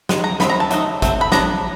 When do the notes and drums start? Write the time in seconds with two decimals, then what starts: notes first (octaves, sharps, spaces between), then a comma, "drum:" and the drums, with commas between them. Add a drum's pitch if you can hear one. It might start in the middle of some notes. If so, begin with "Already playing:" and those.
0.09 D#3 G#3, drum: snare
0.24 A#5
0.40 D#3 G#3 C4 B5, drum: snare
0.50 A#5
0.60 A5
0.71 F#3 A3 D#4, drum: hi-hat
1.02 F#3 A3 C4, drum: kick A1, hi-hat
1.21 B5
1.32 F#3 B3 D4 A#5, drum: snare